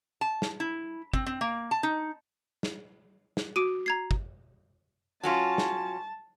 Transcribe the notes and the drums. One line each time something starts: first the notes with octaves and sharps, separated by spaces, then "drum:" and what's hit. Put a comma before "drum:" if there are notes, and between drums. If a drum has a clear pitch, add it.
A5
drum: snare
E4
C4, drum: kick
C4
A#3
A5
D#4
drum: snare
drum: snare
F#4 D6 D7 D#7
A#5 G#6 C7
drum: kick
F#3 C#4 F4 A5
drum: snare